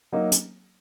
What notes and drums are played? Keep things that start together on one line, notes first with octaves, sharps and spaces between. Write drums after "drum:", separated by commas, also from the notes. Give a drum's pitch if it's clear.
F#3 A#3 D#4
drum: hi-hat